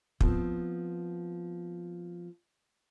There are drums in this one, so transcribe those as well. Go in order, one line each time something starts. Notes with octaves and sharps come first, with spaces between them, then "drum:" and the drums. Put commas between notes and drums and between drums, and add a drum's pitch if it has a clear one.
F3 B3 C4, drum: kick